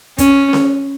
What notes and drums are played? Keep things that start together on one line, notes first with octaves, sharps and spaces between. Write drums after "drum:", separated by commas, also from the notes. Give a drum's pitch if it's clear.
C#4, drum: kick, hi-hat
drum: snare C#4